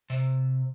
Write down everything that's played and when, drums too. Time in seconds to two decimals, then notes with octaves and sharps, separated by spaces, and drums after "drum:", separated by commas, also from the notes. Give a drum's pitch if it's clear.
0.10 C3, drum: tambourine